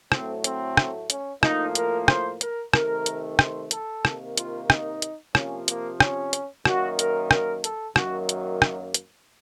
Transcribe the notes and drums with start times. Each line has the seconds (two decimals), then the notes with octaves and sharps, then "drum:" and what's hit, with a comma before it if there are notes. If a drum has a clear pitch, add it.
0.12 A2 F#3 A3 C4, drum: rim click
0.44 C4, drum: hi-hat
0.77 drum: rim click
1.10 C#4, drum: hi-hat
1.43 A2 F3 A#3 D#4, drum: rim click
1.75 A#4, drum: hi-hat
2.08 C5, drum: rim click
2.41 A#4, drum: hi-hat
2.73 C3 D#3 A3 A#4, drum: rim click
3.06 drum: hi-hat
3.39 C5, drum: rim click
3.71 A4, drum: hi-hat
4.05 C3 D#3 A#3, drum: rim click
4.38 F4, drum: hi-hat
4.70 D#4, drum: rim click
5.02 drum: hi-hat
5.35 C3 F3 A#3 C#4, drum: rim click
5.68 A#3, drum: hi-hat
6.00 C#4, drum: rim click
6.33 drum: hi-hat
6.65 F#2 D#3 A#3 F#4, drum: rim click
6.99 A#4, drum: hi-hat
7.31 A#4, drum: rim click
7.64 A4, drum: hi-hat
7.96 F#2 D#3 F#3 A#3 F#4, drum: rim click
8.29 drum: hi-hat
8.62 drum: rim click
8.94 drum: hi-hat